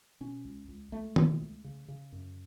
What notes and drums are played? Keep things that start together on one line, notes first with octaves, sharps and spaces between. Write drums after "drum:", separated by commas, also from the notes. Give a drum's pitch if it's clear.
B2 C#4
C#2
C#2
C#2 A3
B2, drum: tom D#3
C#2
C#3
C#3
F#2